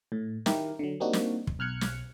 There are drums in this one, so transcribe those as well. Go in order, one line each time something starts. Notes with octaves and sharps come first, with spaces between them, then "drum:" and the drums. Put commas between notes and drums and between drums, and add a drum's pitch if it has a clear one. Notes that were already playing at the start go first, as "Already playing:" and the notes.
A2
D#3 E4 G4 A#4, drum: snare
D3 F#3
G3 A#3 C4 D4 D#4 F#4
drum: snare
drum: kick
B1 F6 F#6 G#6 C#7
drum: snare